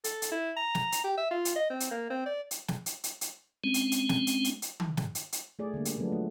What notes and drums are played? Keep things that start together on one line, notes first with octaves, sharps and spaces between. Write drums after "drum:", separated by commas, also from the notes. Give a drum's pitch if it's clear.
A4, drum: hi-hat
drum: hi-hat
E4
A#5
drum: snare
drum: hi-hat
G4
E5
F4
drum: hi-hat
D#5
C4
drum: hi-hat
A#3
C4
D5
drum: hi-hat
drum: snare
drum: hi-hat
drum: hi-hat
drum: hi-hat
G#3 C4 C#4
drum: hi-hat
drum: hi-hat
drum: snare
drum: hi-hat
drum: hi-hat
drum: hi-hat
drum: tom D#3
drum: snare
drum: hi-hat
drum: hi-hat
A3 G#4 D5
D3 G3 A#3
drum: hi-hat
F3 F#3 G#3 A3 B3 D4
A3